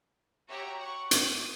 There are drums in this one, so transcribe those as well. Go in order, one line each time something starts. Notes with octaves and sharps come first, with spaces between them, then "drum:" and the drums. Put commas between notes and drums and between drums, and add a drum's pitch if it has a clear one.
F#4 G4 C#5 E5 A#5
F#5 C#6
D#6, drum: hi-hat